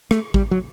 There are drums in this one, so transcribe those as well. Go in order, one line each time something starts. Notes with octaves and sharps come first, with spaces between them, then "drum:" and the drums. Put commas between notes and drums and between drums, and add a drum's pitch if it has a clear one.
A3, drum: rim click
G3, drum: kick A1
F#3